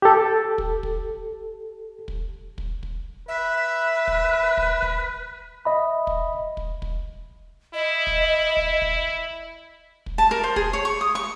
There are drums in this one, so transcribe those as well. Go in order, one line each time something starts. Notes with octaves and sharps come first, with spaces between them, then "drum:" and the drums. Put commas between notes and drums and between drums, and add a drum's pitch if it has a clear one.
G4 A4
drum: kick
drum: kick
drum: kick
drum: kick
drum: kick
B4 E5
drum: kick
drum: kick
drum: kick
D#5 E5 B5
drum: kick
drum: kick
drum: kick
E4 D#5
drum: kick
drum: kick
drum: kick
drum: kick
A5
A#4
C5
G#4, drum: kick
C#5
C#6
D#6
C#6